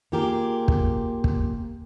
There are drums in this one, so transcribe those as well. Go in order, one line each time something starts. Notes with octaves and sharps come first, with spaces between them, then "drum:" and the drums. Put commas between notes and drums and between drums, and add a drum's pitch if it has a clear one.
A#3 F4 G4 G#4 A#4
drum: kick
drum: kick